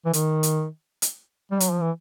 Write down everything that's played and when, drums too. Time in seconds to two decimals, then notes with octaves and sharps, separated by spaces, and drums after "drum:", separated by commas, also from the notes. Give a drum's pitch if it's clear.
0.05 E3
0.13 D#3, drum: hi-hat
0.43 drum: hi-hat
1.02 drum: hi-hat
1.51 G3
1.60 F#3, drum: hi-hat
1.71 F3
1.81 E3